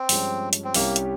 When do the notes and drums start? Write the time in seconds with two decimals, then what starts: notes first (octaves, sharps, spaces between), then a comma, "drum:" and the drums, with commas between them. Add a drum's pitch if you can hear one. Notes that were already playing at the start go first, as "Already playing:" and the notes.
Already playing: C4
0.09 G2 F3 G#3 C#4, drum: open hi-hat
0.53 drum: hi-hat
0.65 C4
0.74 C2 C3 G3 A#3 C#4 G4, drum: open hi-hat
0.96 drum: hi-hat